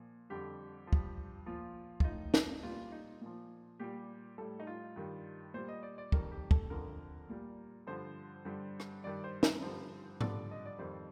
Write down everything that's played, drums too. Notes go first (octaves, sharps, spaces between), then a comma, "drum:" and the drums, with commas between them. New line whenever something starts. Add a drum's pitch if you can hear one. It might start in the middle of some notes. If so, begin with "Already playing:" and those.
Already playing: A#2 F3
F2 D3 G3 G4
F3
G2, drum: kick
A#2 F3 F4
F4, drum: kick
A2 F3 D#4
drum: snare
A#2 G3 F4
D#4
A#2 F3
A#2 G3 G4
A2 G3 A4
D#4
F4
G2 D#3 G3
A#2 G3 C5
D#5
D5
D5
F2 D#3 G3 A#4, drum: kick
G4
A4, drum: kick
F2 D3 F3 A#4
A#2 G3
G2 D3 F3 C5
G2 D3 G3
drum: rim click
G2 D#3 G3 D5
C5
A#4, drum: snare
G2 D3 F3 C5
G2 D3 F3 D5, drum: tom G#2
D#5
D5
F2 D#3 G3 C5